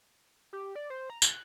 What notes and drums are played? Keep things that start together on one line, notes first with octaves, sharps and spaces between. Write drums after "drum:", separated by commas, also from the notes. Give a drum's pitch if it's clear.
G4
D5
C5
A#5
F#6, drum: tambourine